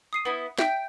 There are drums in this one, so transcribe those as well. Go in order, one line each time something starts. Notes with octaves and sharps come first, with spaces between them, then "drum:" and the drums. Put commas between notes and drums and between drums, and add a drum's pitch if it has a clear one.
D#6 C7 D#7
B3 E4
E5 G5, drum: snare